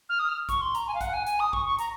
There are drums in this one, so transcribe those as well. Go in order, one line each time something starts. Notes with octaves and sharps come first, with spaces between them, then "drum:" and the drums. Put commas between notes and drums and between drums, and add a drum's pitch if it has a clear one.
F6
D#6
F6
C#6, drum: kick A#1, hi-hat
C6
A#5, drum: hi-hat
G#5
F5
F#5, drum: kick A#1, hi-hat
G#5
G#5, drum: hi-hat
D#6
C#6, drum: kick A#1
C#6
A#5, drum: hi-hat